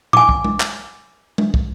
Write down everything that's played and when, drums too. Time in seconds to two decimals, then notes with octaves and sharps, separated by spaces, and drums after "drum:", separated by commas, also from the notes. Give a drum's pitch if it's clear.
0.13 G#5 D6, drum: tom A#2
0.29 drum: kick
0.44 drum: tom G#3
0.60 drum: clap
1.38 drum: tom G#3
1.54 drum: kick